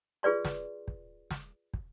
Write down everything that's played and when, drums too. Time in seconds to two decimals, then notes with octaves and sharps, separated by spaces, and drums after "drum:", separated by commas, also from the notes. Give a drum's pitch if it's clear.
0.23 F4 G#4 B4 D5 C6
0.45 drum: snare
0.88 drum: kick
1.31 drum: snare
1.74 drum: kick